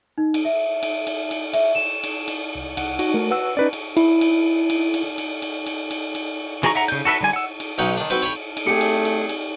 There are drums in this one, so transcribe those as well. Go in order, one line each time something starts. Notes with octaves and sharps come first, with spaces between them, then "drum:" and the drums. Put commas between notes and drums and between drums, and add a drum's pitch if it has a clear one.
D#4
drum: cymbal
E5
drum: cymbal
drum: cymbal
drum: cymbal
E5, drum: cymbal
E7
drum: cymbal
drum: cymbal
C2
C2 F#5, drum: cymbal
D#4 F#4, drum: cymbal
A3 A#4
B4 F#5 E6
C#4 D#4 B4 D5
drum: cymbal
E4, drum: cymbal
drum: cymbal
drum: cymbal
drum: cymbal
drum: cymbal
drum: cymbal
drum: cymbal
drum: cymbal
drum: cymbal
E3 F#4 G#4 A#5 C#6, drum: cymbal
E5 F#5 A#5
C#3 G6, drum: cymbal
F#4 A4 B4 E5
D3 G3 G#5
F#5 E6
drum: cymbal
B1 C#4 D#4 F#5 G5
D#3 D4
C4 F#4 B4 C5, drum: cymbal
C#5 G5 B5
drum: cymbal
A3 C4 G4 G#4 G5 G#5 C#7
drum: cymbal
drum: cymbal
drum: cymbal